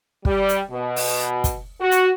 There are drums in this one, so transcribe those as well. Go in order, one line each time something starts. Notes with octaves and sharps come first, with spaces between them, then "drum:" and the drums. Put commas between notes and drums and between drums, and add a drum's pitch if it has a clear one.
G3, drum: kick
drum: hi-hat
B2
drum: open hi-hat
drum: kick, hi-hat
F#4
drum: hi-hat